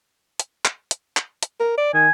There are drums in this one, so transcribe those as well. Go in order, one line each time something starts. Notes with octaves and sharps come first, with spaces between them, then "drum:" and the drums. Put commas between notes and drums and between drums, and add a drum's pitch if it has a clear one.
drum: hi-hat
drum: clap
drum: hi-hat
drum: clap
drum: hi-hat
A#4
D5
D#3 G#5